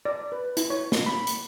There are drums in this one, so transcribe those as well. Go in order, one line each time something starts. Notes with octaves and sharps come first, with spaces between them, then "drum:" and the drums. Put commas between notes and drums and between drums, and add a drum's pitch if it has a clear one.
D5
B4
E4, drum: hi-hat
C#5
drum: snare
B5
drum: hi-hat